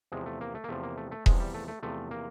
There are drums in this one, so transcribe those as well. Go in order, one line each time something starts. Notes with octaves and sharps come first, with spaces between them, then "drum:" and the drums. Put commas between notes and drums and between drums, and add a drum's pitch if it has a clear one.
E2 C3 F3 G#3
A3
A#3
A3
A#3
E2 C3 F3 A3
A#3
A3
A3
E2 C3 F3 G#3, drum: kick E1
G3
A3
A3
E2 C3 F3 A3
A#3